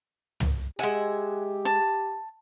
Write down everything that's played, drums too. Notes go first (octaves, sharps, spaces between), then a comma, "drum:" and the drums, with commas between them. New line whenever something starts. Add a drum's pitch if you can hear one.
drum: tom
G#3 G4 E5 F#5 G#5
A5